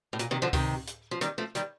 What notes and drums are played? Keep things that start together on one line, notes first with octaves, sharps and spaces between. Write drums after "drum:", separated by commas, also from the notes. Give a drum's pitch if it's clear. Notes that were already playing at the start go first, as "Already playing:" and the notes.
A2
A#2, drum: hi-hat
C3 D#3
D3 F3
C3 D#3, drum: kick C#2, open hi-hat
drum: hi-hat
F3
D#3 G3, drum: hi-hat
F3 A3
D#3 G3, drum: hi-hat